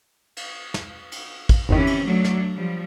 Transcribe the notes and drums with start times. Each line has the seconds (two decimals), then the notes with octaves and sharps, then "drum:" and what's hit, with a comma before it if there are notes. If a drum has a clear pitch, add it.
0.37 drum: cymbal
0.74 drum: snare
1.12 drum: cymbal
1.49 drum: kick, cymbal
1.69 G1 E2 C3 D#3 E3 C#4
1.87 drum: cymbal
2.06 F#3 A3 D4
2.24 drum: snare
2.54 F3 G3